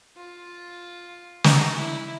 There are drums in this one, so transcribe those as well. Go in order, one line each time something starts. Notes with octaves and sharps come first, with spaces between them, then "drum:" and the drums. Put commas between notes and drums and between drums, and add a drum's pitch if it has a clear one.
F4
D#4, drum: snare
E4